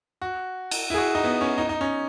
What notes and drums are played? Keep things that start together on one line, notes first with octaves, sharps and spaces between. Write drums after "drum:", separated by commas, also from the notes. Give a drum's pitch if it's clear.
F#4
drum: cymbal
E4 G#4
F#4
D#4
B3
C#4
D#4
D#4
C#4